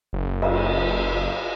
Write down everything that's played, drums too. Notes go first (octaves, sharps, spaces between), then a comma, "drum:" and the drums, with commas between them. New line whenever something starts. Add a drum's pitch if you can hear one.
F#1
drum: cymbal